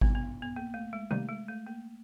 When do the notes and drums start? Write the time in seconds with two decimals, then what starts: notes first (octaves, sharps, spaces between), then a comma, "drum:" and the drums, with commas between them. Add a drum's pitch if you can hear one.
0.01 E2 C3 D#3 G3 B3, drum: kick G#1
0.15 B3
0.42 B3
0.56 A#3
0.74 A3
0.93 G#3
1.10 C3 D#3 G3 A3 A#3
1.29 G#3
1.48 A3
1.66 A#3